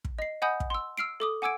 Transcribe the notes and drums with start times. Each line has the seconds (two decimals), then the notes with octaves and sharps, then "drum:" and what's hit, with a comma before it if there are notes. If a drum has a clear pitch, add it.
0.05 drum: kick
0.19 D#5 C7
0.42 D#5 F#5 G#5 B5 D#6 G6
0.60 drum: kick
0.70 C6 E6
0.98 E6 F6 C7 D7
1.20 A4 D6 D#6
1.42 F#5 G#5 D6 E6 G#6 D7